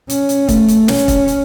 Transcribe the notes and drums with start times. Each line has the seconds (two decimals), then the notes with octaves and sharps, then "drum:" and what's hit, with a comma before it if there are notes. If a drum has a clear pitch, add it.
0.10 C#4, drum: hi-hat
0.29 drum: hi-hat
0.49 A3, drum: kick, hi-hat
0.68 drum: hi-hat
0.88 C#4, drum: snare
1.08 drum: kick, hi-hat
1.28 drum: hi-hat